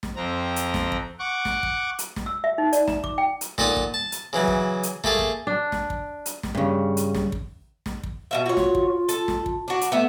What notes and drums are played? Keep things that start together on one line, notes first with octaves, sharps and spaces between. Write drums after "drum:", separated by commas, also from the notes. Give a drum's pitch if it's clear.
drum: snare
F2 C4 A#5
drum: hi-hat
drum: snare
drum: kick
F#5 C#6 D6
drum: snare
drum: kick
drum: hi-hat
drum: snare
E6
E5
D#4
D5, drum: hi-hat
A#5, drum: snare
D6, drum: kick
G5
drum: hi-hat
A#2 D#4 A4 F#5 D#6, drum: snare
drum: kick
A5
drum: hi-hat
C#3 E3 F#3
drum: kick
drum: hi-hat
A3 A#3 G#4 A4, drum: snare
drum: kick
D4
drum: snare
drum: kick
drum: hi-hat
drum: snare
G2 C#3
drum: hi-hat
drum: snare
drum: kick
drum: snare
drum: kick
B2 A#3 E5
F4 F#4 C#5
drum: snare
drum: kick
A4, drum: hi-hat
drum: snare
drum: kick
D4 F#4
drum: hi-hat
A3 B3 E5